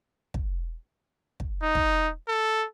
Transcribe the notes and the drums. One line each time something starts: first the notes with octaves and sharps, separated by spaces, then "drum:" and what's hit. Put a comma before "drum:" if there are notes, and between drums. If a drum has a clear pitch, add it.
drum: kick
drum: kick
D#4
drum: kick
A4